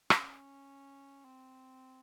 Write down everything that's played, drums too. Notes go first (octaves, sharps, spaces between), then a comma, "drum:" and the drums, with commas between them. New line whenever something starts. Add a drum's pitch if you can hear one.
C#4, drum: rim click
C4